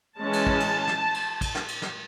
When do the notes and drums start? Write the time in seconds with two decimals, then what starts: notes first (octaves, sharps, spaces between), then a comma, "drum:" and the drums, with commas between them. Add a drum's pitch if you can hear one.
0.19 E3 G#3 C#4 A5
0.33 drum: cymbal
0.47 drum: kick
0.60 drum: cymbal
0.87 drum: snare
1.14 drum: cymbal
1.41 drum: kick, cymbal
1.55 drum: snare
1.68 drum: cymbal
1.82 drum: snare